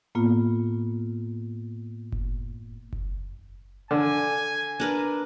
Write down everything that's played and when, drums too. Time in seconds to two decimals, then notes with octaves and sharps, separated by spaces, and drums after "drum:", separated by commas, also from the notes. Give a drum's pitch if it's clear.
0.15 A2 A#3 B3 F4
2.12 drum: kick F#1
2.93 drum: kick F#1
3.91 D3 G#5
4.80 D4 A#4 B4